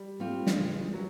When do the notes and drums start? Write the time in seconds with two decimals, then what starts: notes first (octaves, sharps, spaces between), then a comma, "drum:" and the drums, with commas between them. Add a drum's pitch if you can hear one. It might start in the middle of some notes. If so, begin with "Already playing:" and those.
Already playing: G3
0.20 G3 A3 C4 F4
0.47 drum: snare
0.57 C#3 E3 G#3
0.94 C#3 F#3